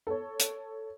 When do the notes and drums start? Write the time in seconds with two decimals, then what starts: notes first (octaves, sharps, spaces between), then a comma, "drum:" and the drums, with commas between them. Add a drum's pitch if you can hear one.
0.07 A4 C#5
0.40 drum: hi-hat